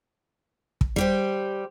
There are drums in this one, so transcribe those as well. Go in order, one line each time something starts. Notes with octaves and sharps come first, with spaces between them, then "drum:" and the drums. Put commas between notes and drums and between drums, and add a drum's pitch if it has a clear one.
drum: kick
G3 G4 C5